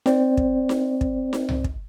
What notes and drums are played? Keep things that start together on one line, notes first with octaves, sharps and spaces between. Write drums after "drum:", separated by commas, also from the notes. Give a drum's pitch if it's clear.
C4 C5 D5, drum: snare D#4
drum: kick
drum: snare D#4
drum: kick
drum: snare D#4
drum: tom C2
drum: kick